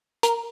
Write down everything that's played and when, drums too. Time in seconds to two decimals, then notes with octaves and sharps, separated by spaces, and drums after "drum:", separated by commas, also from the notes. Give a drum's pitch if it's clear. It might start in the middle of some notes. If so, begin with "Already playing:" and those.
0.23 A#4, drum: hi-hat